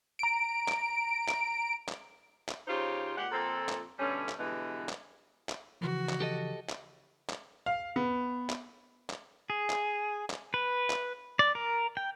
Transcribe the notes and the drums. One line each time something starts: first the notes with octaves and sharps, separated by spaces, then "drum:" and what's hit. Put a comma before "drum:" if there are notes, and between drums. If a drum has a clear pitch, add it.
A#5 D7
drum: clap
drum: clap
drum: clap
drum: clap
C#3 D#4 F4 G4 C5
A#2 G#3 G4 F#5
F2 A#2 C4 A4
drum: clap
B2 D3 G3 A3 C#4
drum: clap
B2 D3 E3 G3 G#3 B3
drum: clap
drum: clap
C#3 E3 F3 F#4
drum: clap
G4 A4 D#5
drum: clap
drum: clap
F5
B3
drum: clap
drum: clap
G#4
drum: clap
drum: clap
B4
drum: clap
D5
A#4
G5